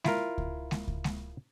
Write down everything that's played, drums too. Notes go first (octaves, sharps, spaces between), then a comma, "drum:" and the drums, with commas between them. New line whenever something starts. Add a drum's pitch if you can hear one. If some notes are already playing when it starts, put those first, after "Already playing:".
E4 F4 A#4, drum: snare G#3
drum: kick C#2
drum: snare G#3
drum: kick C#2
drum: snare G#3